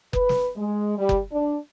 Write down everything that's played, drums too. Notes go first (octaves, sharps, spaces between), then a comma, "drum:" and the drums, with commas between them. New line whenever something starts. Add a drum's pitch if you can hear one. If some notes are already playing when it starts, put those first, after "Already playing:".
B4, drum: kick F#1
drum: snare
G#3
G3
drum: kick F#1
D4